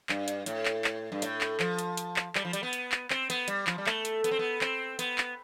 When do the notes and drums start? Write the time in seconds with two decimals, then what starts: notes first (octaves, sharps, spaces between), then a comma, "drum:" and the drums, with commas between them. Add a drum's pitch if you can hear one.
0.09 G2, drum: clap
0.28 drum: hi-hat
0.46 A2, drum: hi-hat
0.65 drum: clap
0.84 drum: clap
1.12 G2
1.22 A2, drum: hi-hat
1.41 drum: clap
1.60 F3, drum: clap
1.79 drum: hi-hat
1.97 drum: hi-hat
2.16 drum: clap
2.35 G3, drum: clap
2.45 F3
2.53 G3, drum: hi-hat
2.63 B3
2.73 drum: hi-hat
2.92 drum: clap
3.10 C4, drum: clap
3.30 B3, drum: hi-hat
3.48 G3, drum: hi-hat
3.67 F3, drum: clap
3.78 G3
3.86 A3, drum: clap
4.05 drum: hi-hat
4.24 B3, drum: hi-hat
4.31 C4
4.39 B3
4.61 C4, drum: clap
4.99 B3, drum: hi-hat
5.18 drum: clap